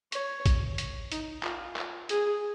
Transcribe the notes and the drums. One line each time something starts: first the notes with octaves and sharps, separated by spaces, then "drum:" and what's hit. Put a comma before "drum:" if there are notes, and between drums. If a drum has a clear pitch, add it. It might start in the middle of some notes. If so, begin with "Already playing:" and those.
C#5, drum: hi-hat
drum: kick, hi-hat
drum: hi-hat
D#4, drum: hi-hat
F4, drum: clap
drum: clap
G#4, drum: hi-hat